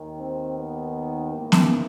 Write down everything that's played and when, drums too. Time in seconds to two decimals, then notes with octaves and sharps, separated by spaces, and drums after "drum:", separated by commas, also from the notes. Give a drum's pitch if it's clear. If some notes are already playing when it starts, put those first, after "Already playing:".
Already playing: D#2 D#3
0.19 C4
0.58 B3
1.32 G#2 E3 A#3
1.52 drum: snare B3